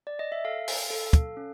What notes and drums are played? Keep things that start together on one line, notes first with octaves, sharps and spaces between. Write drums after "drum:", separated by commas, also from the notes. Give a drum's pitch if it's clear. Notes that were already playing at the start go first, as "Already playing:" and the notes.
D5
D#5
E5
A4 F5
drum: open hi-hat
A4
drum: kick, hi-hat
C#4